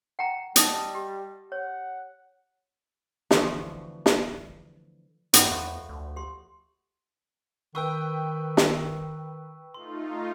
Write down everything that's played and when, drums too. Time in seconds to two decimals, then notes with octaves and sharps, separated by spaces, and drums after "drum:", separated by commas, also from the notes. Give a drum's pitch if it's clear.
0.19 F#5 G5 A#5
0.56 G3 D#5 A5, drum: hi-hat
0.95 G4
1.52 C#5 F#5
3.31 D3 E3 F3 A3 B3 F#4, drum: snare
4.06 drum: snare
5.33 G2 D3 D#3 G4 D#5 F#5 B5, drum: hi-hat
5.51 E2 F3 A3 F#4
5.89 D2
6.16 G4 C6
7.75 D#3 B4 G5 C#6 E6
8.57 drum: snare
9.74 A3 D#4 F4 C6